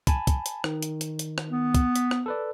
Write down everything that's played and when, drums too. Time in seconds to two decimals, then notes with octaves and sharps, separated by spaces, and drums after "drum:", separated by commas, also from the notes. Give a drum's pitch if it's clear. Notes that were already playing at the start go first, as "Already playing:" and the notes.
0.07 G#5 A5 B5, drum: kick, hi-hat
0.27 drum: kick, hi-hat
0.46 drum: hi-hat
0.64 D#3, drum: rim click
0.83 drum: hi-hat
1.01 drum: hi-hat
1.19 drum: hi-hat
1.38 drum: rim click
1.50 B3
1.75 drum: kick, hi-hat
1.96 B6, drum: hi-hat
2.11 drum: rim click
2.26 A4 B4 D5